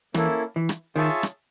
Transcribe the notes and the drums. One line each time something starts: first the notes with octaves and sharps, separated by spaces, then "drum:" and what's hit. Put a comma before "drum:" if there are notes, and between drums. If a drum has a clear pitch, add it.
E3 A#3 C#4 E4 A4, drum: rim click
E3
drum: rim click
D#3 F4 G#4 C#5 E5 A5
drum: rim click